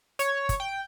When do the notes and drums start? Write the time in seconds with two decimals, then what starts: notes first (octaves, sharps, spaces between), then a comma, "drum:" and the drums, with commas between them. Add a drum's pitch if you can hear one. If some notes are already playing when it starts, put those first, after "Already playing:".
0.19 C#5, drum: hi-hat
0.49 drum: kick, hi-hat
0.60 G5